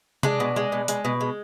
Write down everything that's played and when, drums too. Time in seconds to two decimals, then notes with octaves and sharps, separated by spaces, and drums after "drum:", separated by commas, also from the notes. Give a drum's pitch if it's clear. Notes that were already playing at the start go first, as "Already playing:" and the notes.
0.23 G#3 D4, drum: tom C3
0.40 B2
0.56 G#3
0.72 B2
0.88 G#3, drum: hi-hat
1.05 B2
1.21 G#3